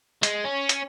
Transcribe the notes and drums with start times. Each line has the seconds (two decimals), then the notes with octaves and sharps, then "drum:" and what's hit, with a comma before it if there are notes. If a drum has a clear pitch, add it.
0.23 G#3, drum: hi-hat
0.45 C#4
0.69 drum: hi-hat